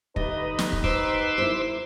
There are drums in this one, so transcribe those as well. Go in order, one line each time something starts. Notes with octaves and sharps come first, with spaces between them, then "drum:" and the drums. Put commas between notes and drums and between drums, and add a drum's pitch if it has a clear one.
D3 A3 D#4 G4 B4 D#5, drum: kick
drum: snare
drum: kick
C5 C6 D6 E6, drum: kick
E4 A#4 C5